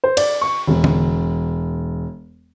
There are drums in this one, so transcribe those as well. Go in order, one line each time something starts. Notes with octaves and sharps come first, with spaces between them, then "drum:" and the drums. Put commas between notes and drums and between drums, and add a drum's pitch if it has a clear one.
C5
D5, drum: cymbal
C#6
E1
drum: tom D3